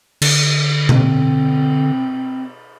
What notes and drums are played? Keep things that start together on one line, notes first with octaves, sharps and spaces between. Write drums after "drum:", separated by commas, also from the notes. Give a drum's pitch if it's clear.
D3, drum: cymbal
C4, drum: tom B2